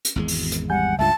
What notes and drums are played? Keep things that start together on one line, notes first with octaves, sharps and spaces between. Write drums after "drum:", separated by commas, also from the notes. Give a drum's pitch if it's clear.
drum: hi-hat
G#1 E2 G#3
drum: open hi-hat
drum: hi-hat
G3 F#5 G#5 G6
C#2 G2 F4 E5 A5